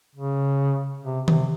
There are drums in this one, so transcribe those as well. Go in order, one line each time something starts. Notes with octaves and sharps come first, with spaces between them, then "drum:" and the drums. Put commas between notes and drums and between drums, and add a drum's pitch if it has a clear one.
C#3
C3
C3, drum: tom D#3